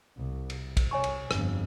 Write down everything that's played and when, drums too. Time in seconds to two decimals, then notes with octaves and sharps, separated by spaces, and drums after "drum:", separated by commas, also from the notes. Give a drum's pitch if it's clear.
0.17 C2
0.50 drum: cymbal
0.77 drum: kick, cymbal
0.91 C2 C#5 G#5 C#6
1.04 drum: cymbal
1.31 G1 F2, drum: rim click